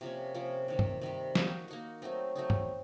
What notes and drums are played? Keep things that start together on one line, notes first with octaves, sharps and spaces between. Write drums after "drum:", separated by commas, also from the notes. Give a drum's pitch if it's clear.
C3 F3 A#3 C#4
C3 F3 A#3 C#4
C3 D#3 G3
drum: tom G2
C3 D#3 G3
A#3 D#4 F#4, drum: snare
A#3 D#4 F#4
F#3 A3 C4 D#4
F#3 A3 C4 D#4
drum: tom G2